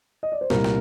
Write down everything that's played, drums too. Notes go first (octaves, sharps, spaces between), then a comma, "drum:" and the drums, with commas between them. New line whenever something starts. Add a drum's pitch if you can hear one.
D#5
D5
C5
C2 A#2 G3 A#4, drum: snare
drum: snare